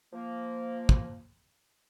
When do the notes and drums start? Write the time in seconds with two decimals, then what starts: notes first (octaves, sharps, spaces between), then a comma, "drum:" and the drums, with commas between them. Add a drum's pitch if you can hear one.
0.13 F3 A#3
0.89 drum: kick